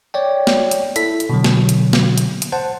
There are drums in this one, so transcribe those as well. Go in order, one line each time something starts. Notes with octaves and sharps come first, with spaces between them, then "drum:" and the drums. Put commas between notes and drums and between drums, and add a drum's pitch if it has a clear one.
C#5 D5 G5
drum: snare
drum: hi-hat
E4 A4 B6, drum: hi-hat
drum: hi-hat
B2 D3 F#3
drum: snare
drum: hi-hat
drum: snare
drum: hi-hat
drum: hi-hat
C5 F#5 A5